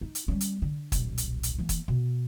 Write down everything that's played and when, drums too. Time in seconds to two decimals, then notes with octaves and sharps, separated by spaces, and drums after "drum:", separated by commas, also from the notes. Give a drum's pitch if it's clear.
0.01 D#4
0.15 drum: hi-hat
0.28 G3 C#4
0.41 drum: hi-hat
0.62 D3
0.92 D#1 B1, drum: kick, hi-hat
1.18 drum: hi-hat
1.43 drum: hi-hat
1.58 E3 A#3
1.69 drum: kick, hi-hat
1.88 B2